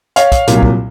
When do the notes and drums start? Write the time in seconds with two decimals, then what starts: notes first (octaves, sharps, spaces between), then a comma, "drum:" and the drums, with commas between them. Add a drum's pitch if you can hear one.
0.16 C#5 F5, drum: hi-hat
0.32 drum: kick, hi-hat
0.47 C2 A#2 F#3, drum: hi-hat
0.63 drum: kick